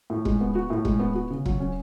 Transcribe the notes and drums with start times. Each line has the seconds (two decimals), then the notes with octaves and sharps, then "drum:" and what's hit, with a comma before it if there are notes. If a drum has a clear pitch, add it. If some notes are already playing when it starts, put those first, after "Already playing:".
0.10 A2
0.25 G#3, drum: kick E1
0.41 B3
0.55 F#4
0.70 A2
0.85 G#3, drum: kick E1
0.99 B3
1.15 F#4
1.31 C#3
1.46 F#3, drum: kick E1
1.60 C#4